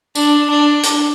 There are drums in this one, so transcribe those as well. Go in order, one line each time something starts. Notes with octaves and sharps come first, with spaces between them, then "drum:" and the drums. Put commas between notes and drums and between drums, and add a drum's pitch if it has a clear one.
D4, drum: tambourine
D4
drum: hi-hat